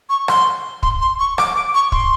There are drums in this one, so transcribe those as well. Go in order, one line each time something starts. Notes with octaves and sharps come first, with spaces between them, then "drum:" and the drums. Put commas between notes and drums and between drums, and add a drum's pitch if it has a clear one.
C#6
C6, drum: rim click
C6, drum: kick
C6
C#6
D6, drum: rim click
D6
C#6
C6, drum: kick